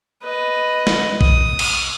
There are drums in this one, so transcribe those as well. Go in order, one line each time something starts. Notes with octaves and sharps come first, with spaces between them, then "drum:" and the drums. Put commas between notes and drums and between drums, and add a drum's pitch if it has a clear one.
B4 D#5
drum: snare
D#6, drum: kick
drum: cymbal